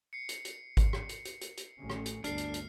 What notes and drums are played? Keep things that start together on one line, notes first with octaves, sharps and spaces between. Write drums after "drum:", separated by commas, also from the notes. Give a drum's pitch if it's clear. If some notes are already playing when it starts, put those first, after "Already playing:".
C7 C#7
drum: hi-hat
drum: hi-hat
drum: kick G#1, hi-hat
drum: rim click
drum: hi-hat
drum: hi-hat
drum: hi-hat
drum: hi-hat
A1 C#4
drum: rim click
drum: hi-hat
G1 D2 D4 F6 C7, drum: hi-hat
drum: hi-hat
drum: hi-hat